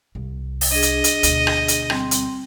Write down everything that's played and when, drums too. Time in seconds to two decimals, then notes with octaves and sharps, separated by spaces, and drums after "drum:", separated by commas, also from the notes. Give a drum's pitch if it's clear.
0.15 C2
0.61 drum: open hi-hat
0.71 D4 G#4 D#5
0.82 drum: hi-hat
1.04 drum: hi-hat
1.23 D2 B2, drum: hi-hat
1.47 drum: rim click
1.68 drum: hi-hat
1.90 G3 C4, drum: rim click
2.11 drum: hi-hat